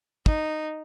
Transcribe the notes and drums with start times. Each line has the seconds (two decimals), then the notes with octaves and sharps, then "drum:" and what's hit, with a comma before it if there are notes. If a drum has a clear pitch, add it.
0.26 D#4, drum: kick